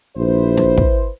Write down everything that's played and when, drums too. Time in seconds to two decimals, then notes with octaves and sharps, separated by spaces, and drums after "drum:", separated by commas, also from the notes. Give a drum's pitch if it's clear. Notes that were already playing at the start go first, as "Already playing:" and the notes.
0.17 A#1 E4 B4 C5
0.57 drum: snare
0.78 drum: kick